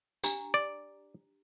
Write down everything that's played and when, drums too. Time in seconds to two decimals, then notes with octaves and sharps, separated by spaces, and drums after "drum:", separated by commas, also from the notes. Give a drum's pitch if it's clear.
0.24 D4 G4 A#5, drum: tambourine
0.54 D5